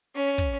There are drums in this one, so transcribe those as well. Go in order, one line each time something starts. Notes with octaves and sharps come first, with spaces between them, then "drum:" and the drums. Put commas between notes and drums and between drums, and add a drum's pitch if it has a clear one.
C#4
drum: kick